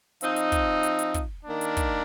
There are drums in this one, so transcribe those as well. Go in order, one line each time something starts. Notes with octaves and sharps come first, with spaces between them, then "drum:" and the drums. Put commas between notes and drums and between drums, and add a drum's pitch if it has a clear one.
F3 C4 D#4, drum: hi-hat
drum: hi-hat
drum: kick, hi-hat
drum: hi-hat
drum: hi-hat
drum: kick, hi-hat
D#3 A#3 D4
drum: hi-hat
drum: kick, hi-hat